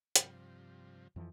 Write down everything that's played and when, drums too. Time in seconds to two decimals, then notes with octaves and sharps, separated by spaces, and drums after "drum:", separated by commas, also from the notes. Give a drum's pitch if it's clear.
0.16 G2 C3 F3, drum: hi-hat
1.16 F2 E3 F3